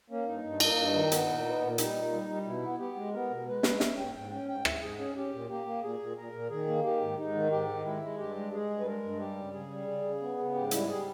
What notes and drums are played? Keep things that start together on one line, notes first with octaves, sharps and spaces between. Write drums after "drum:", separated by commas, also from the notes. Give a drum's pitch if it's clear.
A#3 C#4
G2 D#4
G2
A#3, drum: cymbal
G2
D#3
B3, drum: hi-hat
A#2
B3
A#2
G3 D#4, drum: hi-hat
A#2
G3
G3
B2 E4
B3
B3 G4
G#3
B3 A#4
B2
G#3 B4
G#3, drum: snare
C#4 E5, drum: snare
G#2 G5
G#2 G5
C#4 G5
G#2 G5
G#2 E5, drum: rim click
G#2 G#4
C#4 G#4
C#4 G4
A#2
A#3 G4
A#3
A#2 G#4
A#2
A#2 A#4
A#2
D#3 G#4
A#3
D#3 G4
G#2
G#2 D#4
D#3
G#2 G4
D#3
G#3 E4
G#3
G2 G4
G#3
G#3 G#4
G2
B4
G#3 A#4
G2
G3 G4
C#3
C#3 G#4
G3
C#3
C#3
B3
C#3
G#2 G4
G3 E4, drum: hi-hat
G3 G#4